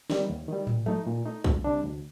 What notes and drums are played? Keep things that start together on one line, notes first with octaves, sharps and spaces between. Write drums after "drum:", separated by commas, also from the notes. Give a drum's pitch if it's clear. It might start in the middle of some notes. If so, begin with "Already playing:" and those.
D#3 G3, drum: snare
D#2
D#3 G3
A#2, drum: tom
A3 D#4, drum: tom F3
A#2
A3 D#4
D2, drum: kick
C3 G3 D4
D2